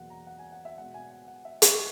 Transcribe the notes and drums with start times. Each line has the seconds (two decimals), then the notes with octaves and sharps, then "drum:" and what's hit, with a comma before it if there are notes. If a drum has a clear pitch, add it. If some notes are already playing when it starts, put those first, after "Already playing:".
Already playing: E2 B2 F#3 A#3 F#5
0.10 A#5
0.27 F#5
0.39 G#5
0.52 F#5
0.65 E5
0.77 B2 G#3 F#5
0.94 G#5
1.11 F#5
1.28 F#5
1.45 E5
1.62 D#5, drum: hi-hat